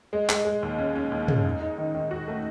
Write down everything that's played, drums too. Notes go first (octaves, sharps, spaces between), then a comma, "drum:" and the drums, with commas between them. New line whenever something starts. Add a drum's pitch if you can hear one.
G#3
G#3, drum: clap
G#3
D#2
C#4
C#4
D#2
G#3, drum: tom
D#4
D#4
D#3
D#3
F#4
A3